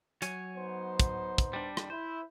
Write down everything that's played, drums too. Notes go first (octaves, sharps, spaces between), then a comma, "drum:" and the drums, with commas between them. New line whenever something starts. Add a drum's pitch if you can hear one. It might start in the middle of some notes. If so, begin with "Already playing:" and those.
F#3 C#5 G#5, drum: hi-hat
B3 D#4 C5
drum: kick, hi-hat
drum: kick, hi-hat
G3 D4
drum: rim click
E4 C5